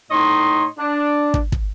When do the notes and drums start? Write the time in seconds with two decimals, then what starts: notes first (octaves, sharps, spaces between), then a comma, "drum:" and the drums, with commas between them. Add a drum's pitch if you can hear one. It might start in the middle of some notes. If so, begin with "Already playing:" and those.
0.11 A2 D#4 C#5 D#5 C6
0.78 D4
1.34 drum: kick
1.52 drum: kick